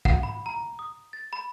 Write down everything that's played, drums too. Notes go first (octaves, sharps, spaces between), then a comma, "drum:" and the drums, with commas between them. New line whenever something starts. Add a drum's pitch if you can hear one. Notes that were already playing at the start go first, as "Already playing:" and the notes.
F#5, drum: kick
B5
A#5
D#6
A6
B5